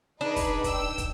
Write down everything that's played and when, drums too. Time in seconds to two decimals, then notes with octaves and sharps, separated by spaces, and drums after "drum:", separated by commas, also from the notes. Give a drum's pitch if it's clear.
0.21 D4 D#4 G#4 B4
0.36 drum: kick, open hi-hat
0.64 G5 E6, drum: kick, hi-hat
0.98 drum: kick, hi-hat